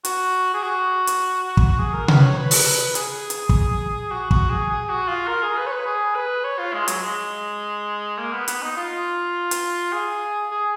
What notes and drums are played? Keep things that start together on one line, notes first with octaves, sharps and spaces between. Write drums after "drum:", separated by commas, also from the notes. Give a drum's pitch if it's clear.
F#4, drum: hi-hat
G#4
F#4
drum: hi-hat
drum: kick
G#4
A#4
B4, drum: tom C3
C#5
B4
drum: open hi-hat
G#4, drum: hi-hat
drum: hi-hat
drum: kick
F#4
F#4, drum: kick
G#4
G#4
F#4
F4
A#4
G#4
B4
C#5
B4
G#4
B4
C#5
F4
G#3
F#3, drum: hi-hat
G#3
A#3
B3
B3, drum: hi-hat
D#4
F4
drum: hi-hat
G#4
G#4